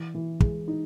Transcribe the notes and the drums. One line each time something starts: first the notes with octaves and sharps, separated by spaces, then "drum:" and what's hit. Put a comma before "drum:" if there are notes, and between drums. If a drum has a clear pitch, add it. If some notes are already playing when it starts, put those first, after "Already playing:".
Already playing: E3
E3
G#3, drum: kick
D#4